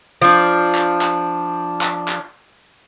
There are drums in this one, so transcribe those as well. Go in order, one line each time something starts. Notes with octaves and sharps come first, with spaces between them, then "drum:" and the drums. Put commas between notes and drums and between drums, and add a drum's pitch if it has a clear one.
F3 D4
drum: clap
drum: clap
drum: clap
drum: clap